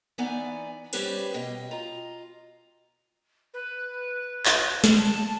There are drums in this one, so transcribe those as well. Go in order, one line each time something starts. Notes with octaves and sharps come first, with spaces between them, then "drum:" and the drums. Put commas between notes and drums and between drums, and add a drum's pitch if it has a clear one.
E3 B3 D#4 D5 G#5
G3 C#4 G4 B4 C5, drum: cymbal
B2 D#5 G5
F4 D#5 A#5
B4
drum: clap
drum: snare
A5